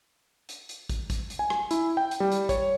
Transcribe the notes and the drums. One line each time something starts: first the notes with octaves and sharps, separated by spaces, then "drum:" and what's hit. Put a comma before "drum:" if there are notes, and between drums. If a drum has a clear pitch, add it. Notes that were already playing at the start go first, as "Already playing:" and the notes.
drum: hi-hat
drum: hi-hat
drum: kick, hi-hat
drum: kick, hi-hat
drum: hi-hat
G#5
drum: rim click
E4, drum: hi-hat
G5
drum: hi-hat
G3
drum: hi-hat
C#5, drum: kick, hi-hat